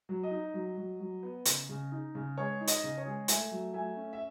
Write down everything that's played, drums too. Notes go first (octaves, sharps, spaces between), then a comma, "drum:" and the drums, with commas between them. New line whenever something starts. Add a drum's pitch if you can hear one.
F#3
D#5
D#4
F#3
F#3
F#3
B3
C#3, drum: hi-hat
C#3
D#4
C#3
G#3 C#5
D#4
D#5, drum: hi-hat
C#3
C#5
G#3
A3 E5 G#5, drum: hi-hat
F#3
A3 E5 G#5
C#4
E5